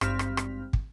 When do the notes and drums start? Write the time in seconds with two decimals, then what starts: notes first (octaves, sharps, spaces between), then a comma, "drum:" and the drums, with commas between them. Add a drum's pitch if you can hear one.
0.01 G#1 G2 C4 G4 F6 B6, drum: rim click
0.19 drum: rim click
0.37 drum: rim click
0.73 drum: kick